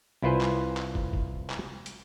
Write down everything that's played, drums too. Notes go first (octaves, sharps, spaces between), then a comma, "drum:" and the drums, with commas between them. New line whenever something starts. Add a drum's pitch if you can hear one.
C2 E4 F4 B4 C5 G#5
drum: clap
drum: clap
drum: kick
drum: kick
drum: clap
drum: hi-hat